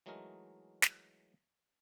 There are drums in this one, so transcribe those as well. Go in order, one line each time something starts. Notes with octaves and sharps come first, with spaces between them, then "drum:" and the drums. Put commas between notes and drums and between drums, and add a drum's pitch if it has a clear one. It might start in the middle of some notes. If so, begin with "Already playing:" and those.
E3 F#3 G#3 A3 D#4 A#4
drum: snare